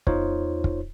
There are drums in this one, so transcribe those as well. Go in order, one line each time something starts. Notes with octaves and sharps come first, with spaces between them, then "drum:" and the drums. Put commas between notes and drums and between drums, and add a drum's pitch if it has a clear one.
E2 D#4 F4 C5 C#5, drum: kick
drum: kick